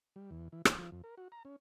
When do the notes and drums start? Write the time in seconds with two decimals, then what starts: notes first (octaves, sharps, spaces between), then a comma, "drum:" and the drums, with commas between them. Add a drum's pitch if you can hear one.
0.16 G3
0.31 E2
0.52 E3
0.65 G#5, drum: rim click
0.79 F3
0.92 F2
1.04 A#4
1.17 F#4
1.32 A#5
1.45 C#4